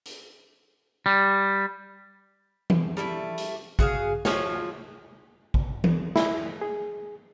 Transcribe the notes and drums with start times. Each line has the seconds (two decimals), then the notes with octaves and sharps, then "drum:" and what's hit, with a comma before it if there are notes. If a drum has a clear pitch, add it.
0.06 drum: hi-hat
1.06 G3
2.70 drum: tom E3
2.97 G3 A3 A#3 E4
3.38 drum: hi-hat
3.79 F#4 G#4 E5 F5, drum: kick
4.25 F3 F4 F#4 C#5, drum: snare
5.54 drum: kick
5.84 drum: tom E3
6.16 E4, drum: snare
6.61 G#4